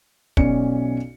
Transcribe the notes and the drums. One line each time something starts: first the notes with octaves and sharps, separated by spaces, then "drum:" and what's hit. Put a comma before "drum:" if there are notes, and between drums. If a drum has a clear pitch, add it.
B1 C#4 D5 C#7, drum: kick